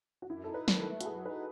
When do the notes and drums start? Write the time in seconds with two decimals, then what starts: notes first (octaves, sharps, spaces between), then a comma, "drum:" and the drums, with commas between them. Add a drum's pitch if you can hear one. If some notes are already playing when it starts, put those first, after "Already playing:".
0.22 F#4
0.29 F#2 E4
0.44 D#4 A4
0.54 B4
0.68 D#3, drum: snare
0.80 A4
0.87 A3
1.01 F#4, drum: hi-hat
1.05 F#2 G#4
1.25 D#4 B4